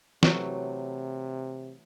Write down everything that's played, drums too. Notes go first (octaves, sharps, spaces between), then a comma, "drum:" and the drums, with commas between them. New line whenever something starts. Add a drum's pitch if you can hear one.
C3 E3 F#3 A3, drum: snare